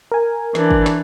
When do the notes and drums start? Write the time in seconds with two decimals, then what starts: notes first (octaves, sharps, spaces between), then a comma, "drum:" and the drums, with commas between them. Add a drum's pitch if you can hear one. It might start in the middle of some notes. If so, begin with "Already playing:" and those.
0.12 A#4 G#5
0.55 E3 D4, drum: snare
0.71 drum: kick
0.86 drum: snare